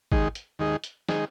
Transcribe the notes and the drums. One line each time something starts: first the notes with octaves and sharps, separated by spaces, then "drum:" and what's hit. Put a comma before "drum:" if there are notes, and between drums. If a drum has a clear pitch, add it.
D#2 D#3 G#3 D#4 G#4, drum: kick G#1
drum: hi-hat
D#2 D#3 G#3 D#4 G#4
drum: hi-hat
D#3 G#3 D#4 G#4, drum: snare